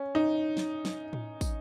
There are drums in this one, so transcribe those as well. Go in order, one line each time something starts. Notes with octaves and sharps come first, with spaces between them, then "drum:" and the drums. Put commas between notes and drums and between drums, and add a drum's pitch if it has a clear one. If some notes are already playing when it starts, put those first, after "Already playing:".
Already playing: C#4
D#4
drum: snare
drum: snare
drum: tom A2
drum: kick, tambourine